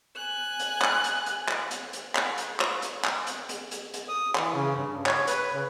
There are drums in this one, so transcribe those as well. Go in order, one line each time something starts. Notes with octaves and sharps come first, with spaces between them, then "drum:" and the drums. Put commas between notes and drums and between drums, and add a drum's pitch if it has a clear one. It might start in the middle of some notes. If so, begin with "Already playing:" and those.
G#5 F#6
drum: hi-hat
drum: clap
drum: hi-hat
drum: hi-hat
drum: clap
drum: hi-hat
drum: hi-hat
drum: clap
drum: hi-hat
drum: clap
drum: hi-hat
drum: clap
drum: hi-hat
drum: hi-hat
drum: hi-hat
drum: hi-hat
D#6
E3, drum: clap
C#3
G2
C#5, drum: clap
B4, drum: hi-hat
C#3